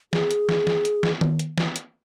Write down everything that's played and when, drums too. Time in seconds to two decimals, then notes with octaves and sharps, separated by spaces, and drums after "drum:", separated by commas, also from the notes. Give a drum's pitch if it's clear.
0.13 G#4, drum: snare
0.31 drum: hi-hat
0.49 drum: snare
0.67 drum: snare
0.85 drum: hi-hat
1.03 drum: snare
1.21 drum: tom D#3
1.39 drum: hi-hat
1.58 drum: snare
1.76 drum: hi-hat